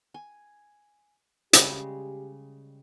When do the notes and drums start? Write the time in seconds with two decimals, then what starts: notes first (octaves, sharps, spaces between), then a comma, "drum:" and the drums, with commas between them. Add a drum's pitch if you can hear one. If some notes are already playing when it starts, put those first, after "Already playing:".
0.14 G#5
1.53 C#3 G3 G#3 G4, drum: hi-hat